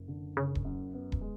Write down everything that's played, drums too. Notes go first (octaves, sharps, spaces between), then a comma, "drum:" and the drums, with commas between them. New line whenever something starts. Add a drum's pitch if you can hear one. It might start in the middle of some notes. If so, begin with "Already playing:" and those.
Already playing: F#1
D3
F#1 C#3
drum: kick D#1
F#2
B3
drum: kick D#1
G#3